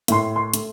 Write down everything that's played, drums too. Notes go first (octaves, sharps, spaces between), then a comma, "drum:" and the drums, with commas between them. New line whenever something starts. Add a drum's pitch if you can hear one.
A2 C6, drum: hi-hat
C6
A3, drum: hi-hat